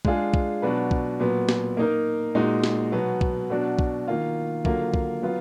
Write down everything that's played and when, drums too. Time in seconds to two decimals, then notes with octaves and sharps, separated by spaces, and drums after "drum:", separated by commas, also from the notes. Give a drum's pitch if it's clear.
0.05 G#3 D4 F4 G#4, drum: kick
0.34 drum: kick
0.62 B2 F#3 D4 F#4 B4
0.91 drum: kick
1.20 A#2 F#3 B3
1.49 drum: snare
1.77 A#3 D#4 A#4
2.35 A#2 G#3 D#4 F#4
2.64 drum: snare
2.92 B2 F#3 B3
3.21 drum: kick
3.50 B2 F#3 D4 F#4
3.79 drum: kick
4.08 D#3 A#3 F4
4.65 D3 F#3 A#3 F4, drum: kick
4.94 drum: kick
5.22 F#3 B3 F4